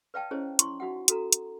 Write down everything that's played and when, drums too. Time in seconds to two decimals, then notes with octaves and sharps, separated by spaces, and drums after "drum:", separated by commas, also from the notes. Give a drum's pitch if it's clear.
0.14 B4 D5 F5 G5 A5
0.31 C#4 E4 G#4 C5 C#5 D#5
0.59 E4 C6 C#6, drum: hi-hat
0.80 D#4 F#4 E5 F#5
1.08 F#4 A4 A#5, drum: hi-hat
1.33 drum: hi-hat